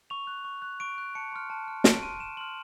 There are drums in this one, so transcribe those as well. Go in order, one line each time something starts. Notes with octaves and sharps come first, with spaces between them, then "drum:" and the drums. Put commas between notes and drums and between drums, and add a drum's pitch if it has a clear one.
C#6 F7
F#6
C#6
F#6
C#6 D7
F#6
A5 C#7
C6 F6
A5
C6 F6
A5 D7, drum: snare
C6 F6 D#7
A5 E7
C6 F6 F#7